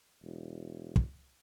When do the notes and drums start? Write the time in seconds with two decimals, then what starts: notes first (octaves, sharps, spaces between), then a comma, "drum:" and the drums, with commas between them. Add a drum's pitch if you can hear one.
0.23 E1
0.96 drum: kick